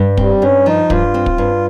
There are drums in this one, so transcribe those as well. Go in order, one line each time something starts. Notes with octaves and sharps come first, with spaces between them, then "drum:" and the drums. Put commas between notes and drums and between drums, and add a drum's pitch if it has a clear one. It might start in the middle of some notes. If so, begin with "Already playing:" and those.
Already playing: G2
G3 C4, drum: kick
G2 C#4
F3 D#4
G2 F4, drum: kick
C4
drum: kick
G2